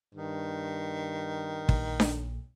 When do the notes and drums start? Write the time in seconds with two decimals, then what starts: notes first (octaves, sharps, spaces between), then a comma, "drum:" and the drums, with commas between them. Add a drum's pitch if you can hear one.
0.15 G2 D#3
1.69 A#1, drum: kick
2.00 drum: snare D4